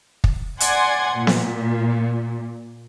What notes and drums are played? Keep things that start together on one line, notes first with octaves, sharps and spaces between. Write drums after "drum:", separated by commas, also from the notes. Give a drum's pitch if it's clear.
drum: kick
D5 F#5 G#5 C6 G#6, drum: hi-hat
A#2
drum: snare B3